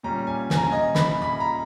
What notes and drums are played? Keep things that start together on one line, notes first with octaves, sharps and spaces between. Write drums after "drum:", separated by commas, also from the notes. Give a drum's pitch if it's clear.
A#2 G3 C#4 A#5
G#5
G#5, drum: snare
A#5
G#5
D#5
B5, drum: snare
B5
A#5